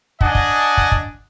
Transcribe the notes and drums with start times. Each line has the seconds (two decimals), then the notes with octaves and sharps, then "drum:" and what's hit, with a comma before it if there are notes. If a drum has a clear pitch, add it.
0.21 D4 D#5 F#5 G#5, drum: kick
0.35 drum: kick
0.77 drum: kick
0.92 drum: kick